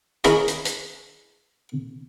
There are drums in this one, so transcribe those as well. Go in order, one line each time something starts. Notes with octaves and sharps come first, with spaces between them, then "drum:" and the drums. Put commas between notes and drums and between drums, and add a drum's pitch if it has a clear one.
C#4 E4 G#4 A#4 C#5 D#5, drum: hi-hat
drum: hi-hat
drum: hi-hat